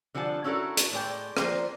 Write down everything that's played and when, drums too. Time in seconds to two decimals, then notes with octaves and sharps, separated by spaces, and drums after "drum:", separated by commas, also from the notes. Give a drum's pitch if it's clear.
0.15 D3 F3 G3 F#5 A5
0.44 C#4 E4 F#4 A4 A#4
0.77 drum: hi-hat
0.92 A2 G#3 D5 G5
1.37 F3 A#3 C5 D5, drum: rim click